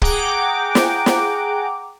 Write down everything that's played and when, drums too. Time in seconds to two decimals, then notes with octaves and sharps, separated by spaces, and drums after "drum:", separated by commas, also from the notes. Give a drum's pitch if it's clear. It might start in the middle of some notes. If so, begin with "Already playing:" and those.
0.02 G#4 F#5 G5 A#5 D6, drum: kick
0.75 drum: snare
1.06 drum: snare